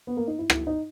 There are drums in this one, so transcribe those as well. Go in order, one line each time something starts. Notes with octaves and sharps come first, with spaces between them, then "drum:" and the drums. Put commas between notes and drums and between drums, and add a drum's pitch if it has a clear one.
B3
A#3
D#4
E4
E4, drum: rim click
D#4